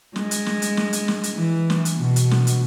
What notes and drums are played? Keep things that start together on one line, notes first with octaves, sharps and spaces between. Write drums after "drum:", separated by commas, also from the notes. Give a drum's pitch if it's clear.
G#3, drum: snare
drum: hi-hat
drum: snare
drum: hi-hat
drum: snare
drum: hi-hat
drum: snare
drum: hi-hat
E3
drum: snare
drum: hi-hat
B2
drum: hi-hat
drum: snare
drum: hi-hat